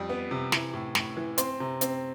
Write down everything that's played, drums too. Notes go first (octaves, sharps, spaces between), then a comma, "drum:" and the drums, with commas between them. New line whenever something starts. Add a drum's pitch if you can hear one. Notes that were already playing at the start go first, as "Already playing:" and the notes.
Already playing: F2 G3
B3
C3
E3, drum: snare
A2
A2, drum: snare
E3
C4 C6, drum: hi-hat
C3
C4, drum: hi-hat